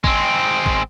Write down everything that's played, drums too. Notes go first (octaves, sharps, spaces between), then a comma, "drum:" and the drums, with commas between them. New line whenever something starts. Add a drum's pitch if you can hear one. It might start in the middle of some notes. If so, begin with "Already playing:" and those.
G#3 C4, drum: kick G#1
drum: kick G#1